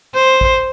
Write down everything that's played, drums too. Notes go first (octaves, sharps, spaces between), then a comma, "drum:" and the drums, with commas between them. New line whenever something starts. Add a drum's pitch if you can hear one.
C5
drum: kick A1